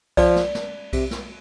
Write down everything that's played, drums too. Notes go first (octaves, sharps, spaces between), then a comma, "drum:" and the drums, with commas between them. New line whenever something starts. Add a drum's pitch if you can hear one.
F3 D5, drum: kick B1, cymbal
drum: snare
drum: snare
C3, drum: kick B1, cymbal
drum: snare